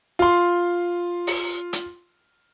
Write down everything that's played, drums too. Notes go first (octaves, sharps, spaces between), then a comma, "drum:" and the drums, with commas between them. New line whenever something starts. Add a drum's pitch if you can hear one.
F4 C6
drum: open hi-hat
drum: hi-hat